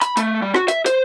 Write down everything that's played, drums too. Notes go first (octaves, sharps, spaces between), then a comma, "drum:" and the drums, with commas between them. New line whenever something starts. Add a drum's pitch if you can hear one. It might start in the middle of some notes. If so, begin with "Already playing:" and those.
B5, drum: hi-hat
A3, drum: hi-hat
G3
F#4, drum: rim click
E5, drum: hi-hat
C5, drum: hi-hat